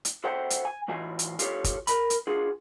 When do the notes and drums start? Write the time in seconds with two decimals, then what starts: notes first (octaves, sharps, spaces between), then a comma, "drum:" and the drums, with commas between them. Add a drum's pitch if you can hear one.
0.05 drum: hi-hat
0.24 F#4 A4 C5 E5 F#5 G5
0.50 drum: hi-hat
0.65 G#5
0.88 A2 E3 F4 F#4 G#5
1.19 drum: hi-hat
1.39 F4 G4 A4 C#5, drum: hi-hat
1.64 drum: kick, hi-hat
1.87 A#4 B5, drum: hi-hat
2.10 drum: hi-hat
2.27 D4 F4 F#4 G#4